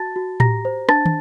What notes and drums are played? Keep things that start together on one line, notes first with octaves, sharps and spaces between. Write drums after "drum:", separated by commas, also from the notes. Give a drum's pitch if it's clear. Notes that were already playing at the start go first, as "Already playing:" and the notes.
Already playing: F#4 A5 A6
F#4
G4 A#5 A#6, drum: tom A2
C5
D4 A5 A6, drum: rim click
drum: tom